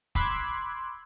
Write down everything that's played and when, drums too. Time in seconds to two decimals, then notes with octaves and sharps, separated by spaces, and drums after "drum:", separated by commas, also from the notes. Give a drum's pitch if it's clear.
0.15 B5 C6 D6 E6 F#6 G#6, drum: kick